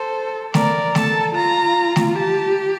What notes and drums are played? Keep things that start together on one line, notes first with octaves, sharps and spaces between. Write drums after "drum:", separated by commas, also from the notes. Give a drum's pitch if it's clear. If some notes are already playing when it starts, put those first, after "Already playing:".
Already playing: A4 C5
A#4 D5, drum: snare
A4 A5, drum: snare
F4 A#5
drum: snare
G4 A5